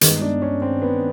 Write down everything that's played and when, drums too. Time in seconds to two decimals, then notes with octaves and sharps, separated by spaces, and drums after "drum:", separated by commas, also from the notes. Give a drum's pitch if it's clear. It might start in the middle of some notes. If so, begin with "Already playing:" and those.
0.01 G2 D#3 G#3 B3 D#4, drum: hi-hat
0.21 D4
0.42 C#4
0.62 C4
0.82 B3